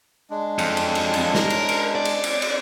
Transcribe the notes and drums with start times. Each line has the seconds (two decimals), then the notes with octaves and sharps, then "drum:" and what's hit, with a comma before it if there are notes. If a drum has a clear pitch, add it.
0.30 G#3 D4
0.59 F2, drum: cymbal
0.77 drum: cymbal
0.95 drum: cymbal
1.14 drum: cymbal
1.35 A#4, drum: snare
1.50 drum: cymbal
1.69 drum: cymbal
1.95 D5
2.05 drum: cymbal
2.24 drum: cymbal
2.42 drum: cymbal